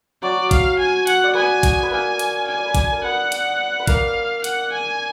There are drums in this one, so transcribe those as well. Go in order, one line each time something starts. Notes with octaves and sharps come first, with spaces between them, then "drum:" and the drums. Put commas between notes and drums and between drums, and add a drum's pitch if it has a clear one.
F#3 F#4 D5
F5, drum: kick G#1, hi-hat
G#5
F#5, drum: hi-hat
D5
B3 B4 G#5
drum: kick G#1, hi-hat
B4
A#3 A#4 G#5
drum: hi-hat
G#5
D5
B4
D4 D5, drum: kick G#1, hi-hat
A#4
B3 B4 F#5
drum: hi-hat
B4
A#3 A#4 F5, drum: kick G#1, hi-hat
F#5, drum: hi-hat
G#5